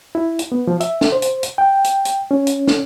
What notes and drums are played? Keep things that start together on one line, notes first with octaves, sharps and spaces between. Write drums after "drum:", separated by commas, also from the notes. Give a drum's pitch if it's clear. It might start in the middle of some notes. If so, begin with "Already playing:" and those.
E4
drum: hi-hat
B3
F3
E5, drum: hi-hat
drum: snare
C5
drum: hi-hat
drum: hi-hat
G5
drum: hi-hat
drum: hi-hat
C#4
drum: hi-hat
drum: snare